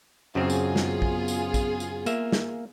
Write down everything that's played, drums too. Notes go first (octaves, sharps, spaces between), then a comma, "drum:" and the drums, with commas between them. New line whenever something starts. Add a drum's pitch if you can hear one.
F#2 C#3 B3 C4 F4 G#4
drum: tambourine
drum: snare
drum: kick
drum: tambourine
drum: kick, tambourine
drum: tambourine
A#3 E5, drum: tambourine
drum: snare